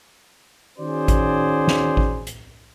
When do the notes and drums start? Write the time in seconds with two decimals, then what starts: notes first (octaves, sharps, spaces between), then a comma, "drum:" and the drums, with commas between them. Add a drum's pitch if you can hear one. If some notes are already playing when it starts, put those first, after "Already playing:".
0.79 D#3 C#4 F#4 G#4 C5 D5
1.08 drum: kick A1, hi-hat
1.68 drum: snare
1.97 drum: kick A1
2.27 drum: hi-hat